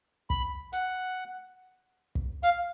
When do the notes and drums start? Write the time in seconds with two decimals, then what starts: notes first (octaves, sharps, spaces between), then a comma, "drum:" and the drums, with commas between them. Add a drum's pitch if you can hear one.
0.30 B5, drum: kick
0.73 F#5, drum: hi-hat
2.15 drum: kick
2.43 F5, drum: hi-hat